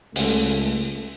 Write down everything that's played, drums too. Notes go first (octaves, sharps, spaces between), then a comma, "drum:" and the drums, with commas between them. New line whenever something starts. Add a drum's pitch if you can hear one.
C#2 A3, drum: open hi-hat